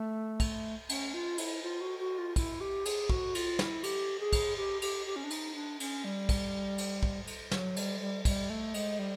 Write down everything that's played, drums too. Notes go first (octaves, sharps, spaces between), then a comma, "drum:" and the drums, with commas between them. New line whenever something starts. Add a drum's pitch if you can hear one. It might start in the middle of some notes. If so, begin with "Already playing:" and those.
Already playing: A3
drum: kick, cymbal
C#4, drum: cymbal
F4
E4, drum: cymbal
F4
F#4
F#4
F4
E4, drum: kick, cymbal
G4
G#4, drum: cymbal
F#4, drum: kick
F4, drum: cymbal
E4, drum: snare
G4, drum: cymbal
G#4
drum: kick, cymbal
G4
G4, drum: cymbal
G4
C#4
D4
D#4, drum: cymbal
D4
C#4, drum: cymbal
G3
drum: kick, cymbal
drum: cymbal
drum: kick
drum: cymbal
F#3, drum: snare
G3, drum: cymbal
G3
G3, drum: kick, cymbal
A3
G#3, drum: cymbal
G3